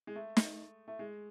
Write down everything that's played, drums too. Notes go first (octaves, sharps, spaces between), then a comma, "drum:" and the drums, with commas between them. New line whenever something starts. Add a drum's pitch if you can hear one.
G#3
A3
drum: snare
A3
G#3